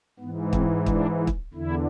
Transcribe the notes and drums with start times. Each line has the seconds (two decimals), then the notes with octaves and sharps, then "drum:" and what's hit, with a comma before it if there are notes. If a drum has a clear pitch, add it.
0.19 G#2 E3 B3
0.53 C4, drum: kick
0.86 D4, drum: kick
1.27 drum: kick
1.54 E2 D3 E4